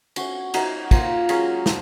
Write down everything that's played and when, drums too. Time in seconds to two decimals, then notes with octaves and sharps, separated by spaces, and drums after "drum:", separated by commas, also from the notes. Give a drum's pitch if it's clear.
0.16 C#4 F#4 C#5, drum: cymbal
0.54 D#4 F#4 A#4, drum: cymbal
0.91 A#3 F4 A#4, drum: kick, cymbal
1.29 F#3 C#4 G#4 C#5, drum: cymbal
1.66 F3, drum: snare